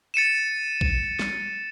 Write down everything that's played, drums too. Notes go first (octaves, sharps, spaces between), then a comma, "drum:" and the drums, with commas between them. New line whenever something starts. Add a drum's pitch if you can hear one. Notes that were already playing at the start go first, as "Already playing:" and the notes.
A6 C#7 D#7 E7
drum: kick A#1
drum: snare